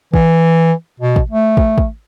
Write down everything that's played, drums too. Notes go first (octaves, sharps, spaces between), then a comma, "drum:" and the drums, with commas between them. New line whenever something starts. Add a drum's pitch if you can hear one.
E3, drum: kick
B2
drum: kick
A3
drum: kick
drum: kick